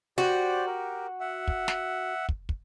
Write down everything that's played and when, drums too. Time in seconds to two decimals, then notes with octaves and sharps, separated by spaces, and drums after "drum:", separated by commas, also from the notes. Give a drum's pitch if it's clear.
0.18 F#4 G4 C5 D5
0.66 G4 A#4
1.20 E5 F#5
1.48 drum: kick
1.68 drum: snare
2.29 drum: kick
2.49 drum: kick